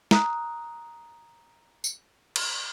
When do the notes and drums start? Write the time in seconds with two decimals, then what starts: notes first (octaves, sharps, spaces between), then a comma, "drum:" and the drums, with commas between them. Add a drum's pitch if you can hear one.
0.11 A#5 D#6 F#6, drum: snare
1.84 drum: tambourine
2.36 drum: cymbal